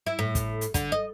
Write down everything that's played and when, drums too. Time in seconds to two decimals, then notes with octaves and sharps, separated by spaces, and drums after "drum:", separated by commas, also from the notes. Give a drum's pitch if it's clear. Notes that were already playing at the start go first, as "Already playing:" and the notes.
0.06 E4
0.19 A2
0.35 drum: kick, hi-hat
0.61 drum: hi-hat
0.74 D3, drum: kick, hi-hat
0.92 D#5